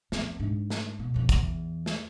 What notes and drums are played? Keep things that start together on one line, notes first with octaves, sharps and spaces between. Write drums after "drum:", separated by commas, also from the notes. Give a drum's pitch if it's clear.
F2 B3, drum: snare
G#2 D4
drum: snare
B2
B1 F2
E2, drum: kick, hi-hat
drum: snare